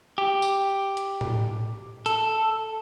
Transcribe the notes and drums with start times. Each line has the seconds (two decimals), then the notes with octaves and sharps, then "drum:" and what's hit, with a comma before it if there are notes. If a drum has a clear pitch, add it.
0.18 G4
0.42 drum: tambourine
0.97 drum: hi-hat
1.21 drum: tom A2
2.06 A4, drum: hi-hat